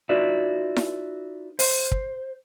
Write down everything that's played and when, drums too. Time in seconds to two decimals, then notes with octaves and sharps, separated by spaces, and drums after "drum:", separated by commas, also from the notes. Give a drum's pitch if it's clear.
0.09 D#4 F4 F#4 B4 D5 E5
0.76 drum: snare E4
1.59 C5, drum: open hi-hat
1.92 drum: kick